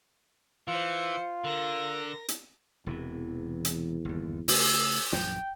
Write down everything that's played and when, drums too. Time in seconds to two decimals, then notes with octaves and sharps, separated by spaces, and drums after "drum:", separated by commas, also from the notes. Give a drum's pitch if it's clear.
0.68 E3 F4 C5 C#7
1.44 D3 A#4 A#6
2.28 drum: hi-hat
2.87 E1 E2 C3 E3
3.65 drum: hi-hat
4.05 G1 D#2
4.48 C#3 A3 E6, drum: open hi-hat
5.12 A#1 F#2 E3 G5, drum: snare